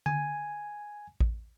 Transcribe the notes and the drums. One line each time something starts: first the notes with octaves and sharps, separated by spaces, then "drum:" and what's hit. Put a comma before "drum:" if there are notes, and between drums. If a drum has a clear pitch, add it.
G#5, drum: tom D3
drum: kick A1